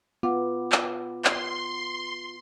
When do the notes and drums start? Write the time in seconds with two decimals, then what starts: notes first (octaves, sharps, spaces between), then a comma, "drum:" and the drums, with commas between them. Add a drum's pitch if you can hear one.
0.23 B3 F4 F#5 D6
0.72 drum: clap
1.25 C6, drum: clap